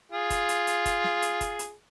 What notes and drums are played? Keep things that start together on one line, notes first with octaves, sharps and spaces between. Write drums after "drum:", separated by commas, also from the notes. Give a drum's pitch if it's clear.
F4 G#4
drum: kick, hi-hat
drum: hi-hat
drum: hi-hat
drum: kick, hi-hat
drum: snare
drum: hi-hat
drum: kick, hi-hat
drum: hi-hat